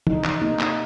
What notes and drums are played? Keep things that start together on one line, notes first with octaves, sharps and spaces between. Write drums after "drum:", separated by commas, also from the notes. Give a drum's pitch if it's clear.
C3 D#4, drum: tom
drum: clap
A#3 D#4
drum: clap